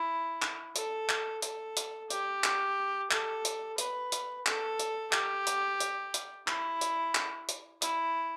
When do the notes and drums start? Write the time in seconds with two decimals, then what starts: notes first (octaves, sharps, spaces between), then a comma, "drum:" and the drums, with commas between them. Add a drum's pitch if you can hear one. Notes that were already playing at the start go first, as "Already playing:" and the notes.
Already playing: E4
0.42 drum: clap
0.76 A4, drum: hi-hat
1.09 drum: clap
1.42 A4, drum: hi-hat
1.77 drum: hi-hat
2.10 G4, drum: hi-hat
2.44 drum: clap
3.11 A4, drum: clap
3.45 drum: hi-hat
3.78 B4, drum: hi-hat
4.12 drum: hi-hat
4.46 A4, drum: clap
4.79 drum: hi-hat
5.13 G4, drum: clap
5.47 drum: hi-hat
5.80 drum: hi-hat
6.14 drum: hi-hat
6.48 E4, drum: clap
6.81 drum: hi-hat
7.15 drum: clap
7.49 drum: hi-hat
7.82 E4, drum: hi-hat